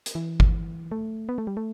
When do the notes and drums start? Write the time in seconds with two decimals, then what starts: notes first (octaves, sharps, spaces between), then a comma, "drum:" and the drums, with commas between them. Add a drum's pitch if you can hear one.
0.06 drum: hi-hat
0.15 E3
0.40 drum: kick G1
0.92 A3
1.29 B3
1.38 A3
1.47 G3
1.57 A3